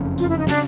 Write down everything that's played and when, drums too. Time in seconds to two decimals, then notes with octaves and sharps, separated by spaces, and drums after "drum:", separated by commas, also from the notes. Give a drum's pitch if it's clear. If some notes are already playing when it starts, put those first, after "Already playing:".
Already playing: F#1 F2 C#3
0.18 F4, drum: tambourine
0.28 E4
0.38 D#4
0.47 C#3 D4, drum: snare